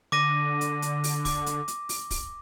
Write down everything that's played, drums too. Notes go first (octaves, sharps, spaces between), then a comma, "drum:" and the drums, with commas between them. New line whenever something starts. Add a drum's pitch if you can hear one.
D3 D6 A#6 D#7
drum: hi-hat
drum: hi-hat
drum: open hi-hat
D6, drum: kick, open hi-hat
drum: hi-hat
drum: hi-hat
drum: open hi-hat
drum: kick, open hi-hat